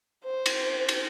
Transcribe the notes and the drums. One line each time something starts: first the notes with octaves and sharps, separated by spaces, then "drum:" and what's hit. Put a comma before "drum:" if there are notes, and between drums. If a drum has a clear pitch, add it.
C5
drum: cymbal
drum: cymbal